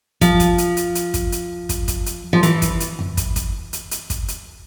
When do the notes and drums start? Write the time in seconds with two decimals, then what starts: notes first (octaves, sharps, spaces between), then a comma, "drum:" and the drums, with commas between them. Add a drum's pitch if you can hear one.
0.21 F3, drum: kick, hi-hat
0.40 drum: kick, hi-hat
0.58 drum: hi-hat
0.77 drum: hi-hat
0.95 drum: hi-hat
1.14 drum: kick, hi-hat
1.32 drum: hi-hat
1.69 drum: kick, hi-hat
1.88 drum: kick, hi-hat
2.06 drum: hi-hat
2.33 F3
2.43 E3, drum: hi-hat
2.62 drum: kick, hi-hat
2.80 drum: hi-hat
2.99 drum: tom F2
3.17 drum: kick, hi-hat
3.36 drum: kick, hi-hat
3.73 drum: hi-hat
3.91 drum: hi-hat
4.10 drum: kick, hi-hat
4.28 drum: hi-hat